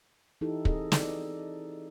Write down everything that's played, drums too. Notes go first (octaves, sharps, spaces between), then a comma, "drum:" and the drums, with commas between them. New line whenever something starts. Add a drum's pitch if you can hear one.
E3 D#4 E4 G4 A4
C4 G#4 A4 D#5, drum: kick
D#4 A4 D5, drum: snare